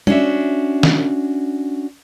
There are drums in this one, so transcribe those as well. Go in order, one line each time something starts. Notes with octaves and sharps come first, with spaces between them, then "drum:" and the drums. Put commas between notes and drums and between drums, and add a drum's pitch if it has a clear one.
C#4 D4 F#4 E5, drum: tom
drum: snare